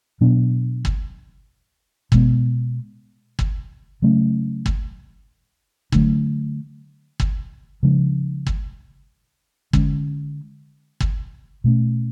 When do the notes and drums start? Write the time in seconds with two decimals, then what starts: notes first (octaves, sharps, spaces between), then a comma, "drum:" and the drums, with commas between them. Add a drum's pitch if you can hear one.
0.21 B2 F#3 B3 D4
0.85 drum: kick
2.12 B2 G#3 B3, drum: kick
3.39 drum: kick
4.02 C#3 F#3 A3 C#4
4.66 drum: kick
5.92 D3 F#3 A3 D4, drum: kick
7.20 drum: kick
7.83 C#3 F3 G#3 D4
8.47 drum: kick
9.73 D3 G#3 C#4, drum: kick
11.00 drum: kick
11.64 B2 A3 C#4